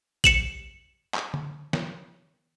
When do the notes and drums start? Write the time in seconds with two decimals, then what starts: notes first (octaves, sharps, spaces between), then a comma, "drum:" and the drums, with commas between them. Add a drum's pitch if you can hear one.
0.24 C#7 E7 F#7, drum: kick A#1
1.14 drum: clap
1.34 drum: tom D3
1.73 drum: snare